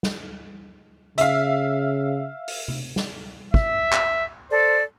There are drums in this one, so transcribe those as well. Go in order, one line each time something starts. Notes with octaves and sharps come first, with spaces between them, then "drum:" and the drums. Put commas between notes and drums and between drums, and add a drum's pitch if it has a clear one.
drum: snare
C#3 E5 F5, drum: hi-hat
drum: open hi-hat
drum: tom C3
drum: snare
E5, drum: kick
drum: clap
A4 C5 D5